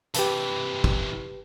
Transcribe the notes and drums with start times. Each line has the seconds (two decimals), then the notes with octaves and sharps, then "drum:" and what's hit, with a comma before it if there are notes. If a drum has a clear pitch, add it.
0.15 C3 E3 G4 B4 A5, drum: hi-hat
0.84 drum: kick